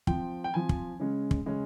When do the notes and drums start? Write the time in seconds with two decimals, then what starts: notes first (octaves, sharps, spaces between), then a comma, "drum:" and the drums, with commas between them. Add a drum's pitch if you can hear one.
0.07 F3 C4 G5, drum: kick
0.44 G5
0.54 F3 C4 G#5
0.69 drum: kick
1.00 C#3 G#3 C#4
1.31 drum: kick
1.46 C#3 G#3 C#4